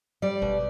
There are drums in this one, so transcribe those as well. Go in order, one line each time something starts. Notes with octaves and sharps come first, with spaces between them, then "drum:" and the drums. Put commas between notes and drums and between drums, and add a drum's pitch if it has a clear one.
G3 D5
B2, drum: kick G#1